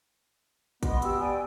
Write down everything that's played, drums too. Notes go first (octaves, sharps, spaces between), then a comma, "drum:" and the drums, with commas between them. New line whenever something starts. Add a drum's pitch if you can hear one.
B3 D#5 C6, drum: kick, hi-hat
F#4 G4 G5 E6, drum: hi-hat
D5 G5 G#5